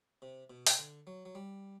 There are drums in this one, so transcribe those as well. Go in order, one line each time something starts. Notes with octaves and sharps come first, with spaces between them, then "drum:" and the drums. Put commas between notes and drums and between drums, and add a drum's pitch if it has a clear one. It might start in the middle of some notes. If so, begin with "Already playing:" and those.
C3
B2
drum: open hi-hat
D3
F#3
F#3
G3